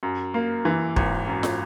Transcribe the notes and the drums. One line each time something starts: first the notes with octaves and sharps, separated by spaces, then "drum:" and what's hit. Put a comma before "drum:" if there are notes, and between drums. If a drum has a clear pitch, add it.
F#2
A#3
E3
G#1, drum: kick
F#2
drum: snare